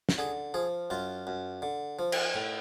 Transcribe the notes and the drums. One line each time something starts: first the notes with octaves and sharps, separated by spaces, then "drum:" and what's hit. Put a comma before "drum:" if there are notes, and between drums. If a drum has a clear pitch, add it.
drum: snare
D3 G#4
F3 G#4
F#2 F4
F#2
D3
F3
drum: cymbal
A2